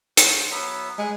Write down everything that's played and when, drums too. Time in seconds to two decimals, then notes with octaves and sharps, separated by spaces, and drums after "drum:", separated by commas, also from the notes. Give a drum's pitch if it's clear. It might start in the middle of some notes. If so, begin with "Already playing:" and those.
0.17 F#4 C5, drum: hi-hat
0.50 F#3 B3 E5
0.98 G#3 F#5